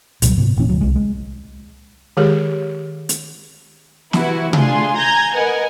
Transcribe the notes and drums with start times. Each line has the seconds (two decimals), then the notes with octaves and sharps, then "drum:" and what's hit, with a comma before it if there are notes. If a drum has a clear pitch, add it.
0.22 C#2 B2 F#3 G3, drum: hi-hat
0.37 G#2 C3 B3
0.57 F1 A#2 E3 C#4
0.69 D2 F#3
0.81 C2 G#3
0.95 G#3
2.17 D#3 G#3 G4 G#4 A#4
3.09 drum: hi-hat
4.13 C3 E3 E4 F#4 B4, drum: snare
4.53 A3 D4 F4 G#4 G#5 C6, drum: tom C3
4.97 G#5 A#5 G6 G#6 A#6
5.34 A#4 B4 D#5 F#5 G#5